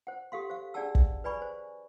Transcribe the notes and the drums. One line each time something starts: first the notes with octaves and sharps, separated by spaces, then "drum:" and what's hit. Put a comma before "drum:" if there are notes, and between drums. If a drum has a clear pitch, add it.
C5 F#5
G4 A4 F5 C6
C5 F5
D4 G#4 D5 F#5 A5 E6
drum: kick
B4 D5 G#5 B5 C#6
C5